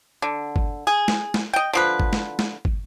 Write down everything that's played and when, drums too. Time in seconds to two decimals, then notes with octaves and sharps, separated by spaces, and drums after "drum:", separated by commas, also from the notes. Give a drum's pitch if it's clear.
0.22 D3
0.56 drum: kick
0.87 G#4
1.08 drum: snare
1.34 drum: snare
1.53 D#5 G5
1.73 D3 F3 B4
2.00 drum: kick
2.13 drum: snare
2.39 drum: snare
2.65 drum: kick